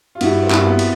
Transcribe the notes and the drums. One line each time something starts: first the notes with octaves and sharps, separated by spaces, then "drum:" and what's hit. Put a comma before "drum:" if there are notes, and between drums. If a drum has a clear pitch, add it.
F4
G2 E4 F#4, drum: cymbal
A#3 C4
G2, drum: clap
B3
drum: cymbal